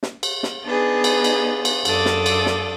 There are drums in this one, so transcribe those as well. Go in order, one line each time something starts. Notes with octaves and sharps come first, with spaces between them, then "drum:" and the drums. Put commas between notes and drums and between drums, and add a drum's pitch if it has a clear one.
drum: snare
drum: cymbal
drum: snare
B3 D4 D#4 G#4 B4
drum: cymbal
drum: cymbal
drum: cymbal
F#2 D4 A4 D6 D#6, drum: cymbal
drum: snare
drum: cymbal
drum: snare